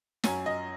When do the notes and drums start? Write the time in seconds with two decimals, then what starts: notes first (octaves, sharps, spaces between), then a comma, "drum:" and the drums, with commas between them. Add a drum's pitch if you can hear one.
0.24 F#2 F#3 C#4 G#5, drum: snare
0.46 D#5